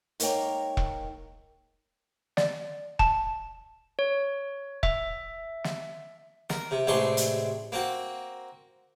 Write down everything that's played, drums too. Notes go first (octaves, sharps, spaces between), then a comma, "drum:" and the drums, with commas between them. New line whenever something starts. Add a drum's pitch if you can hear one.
G#2 A#3 A#4 C#5 G5 A#5, drum: hi-hat
drum: kick E1
D5, drum: snare
A5, drum: kick E1
C#5
E5, drum: kick E1
drum: snare
A#4, drum: snare
C3
A1 C3 G#3 D4 C6 C#6
drum: hi-hat
A#3 C4 F#4